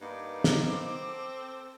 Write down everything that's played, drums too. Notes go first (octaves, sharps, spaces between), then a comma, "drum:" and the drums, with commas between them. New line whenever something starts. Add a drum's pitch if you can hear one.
G2 A#3 B3 D#4 D6
drum: snare
C4
A4